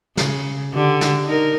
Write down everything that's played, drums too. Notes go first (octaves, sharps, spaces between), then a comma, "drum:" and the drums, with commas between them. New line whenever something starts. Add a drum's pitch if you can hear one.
C#3, drum: snare
D3 G4
drum: snare
D#4 A#4